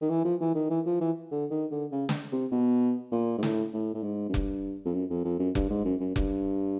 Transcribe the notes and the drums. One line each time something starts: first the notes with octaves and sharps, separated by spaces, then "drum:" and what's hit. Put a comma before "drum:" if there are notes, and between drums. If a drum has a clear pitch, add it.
D#3
E3
F3
E3
D#3
E3
F3
E3
D3
D#3
D3
C#3
drum: snare
C3
B2
A#2
G#2
A2, drum: snare
A2
A2
G#2
F#2
G2, drum: kick F1
F2
F#2
F2
F2
F#2
G2, drum: kick F1
G#2
F#2
F#2
G2, drum: kick F1